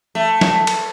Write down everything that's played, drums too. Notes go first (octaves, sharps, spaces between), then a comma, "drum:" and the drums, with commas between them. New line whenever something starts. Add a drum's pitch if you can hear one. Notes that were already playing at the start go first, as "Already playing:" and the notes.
A3
drum: snare
drum: cymbal